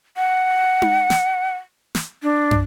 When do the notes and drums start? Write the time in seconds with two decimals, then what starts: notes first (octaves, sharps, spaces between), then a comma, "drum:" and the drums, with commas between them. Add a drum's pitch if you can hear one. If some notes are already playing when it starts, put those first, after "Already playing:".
0.17 F#5
0.82 drum: tom D#4
1.10 drum: snare
1.95 drum: snare
2.23 D4
2.51 drum: tom